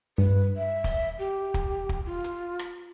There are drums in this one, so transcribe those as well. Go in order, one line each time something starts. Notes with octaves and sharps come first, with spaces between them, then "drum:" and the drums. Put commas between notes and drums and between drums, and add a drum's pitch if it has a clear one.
G2 B4
E5
drum: kick, open hi-hat
G4
drum: kick, hi-hat
drum: kick
F4
drum: hi-hat
drum: rim click